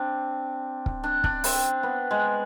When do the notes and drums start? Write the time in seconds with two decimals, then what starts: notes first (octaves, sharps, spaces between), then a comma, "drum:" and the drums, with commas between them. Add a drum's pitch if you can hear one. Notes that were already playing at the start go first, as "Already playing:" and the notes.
Already playing: C4 D4
0.86 drum: kick
1.04 D4
1.24 D4, drum: kick
1.44 C4, drum: open hi-hat
1.83 B3
2.11 G#3